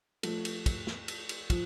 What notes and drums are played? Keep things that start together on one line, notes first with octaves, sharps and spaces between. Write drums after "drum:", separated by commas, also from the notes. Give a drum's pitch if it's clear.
F3 A3, drum: cymbal
drum: cymbal
drum: kick, cymbal
drum: snare
drum: cymbal
drum: cymbal
F3, drum: kick, cymbal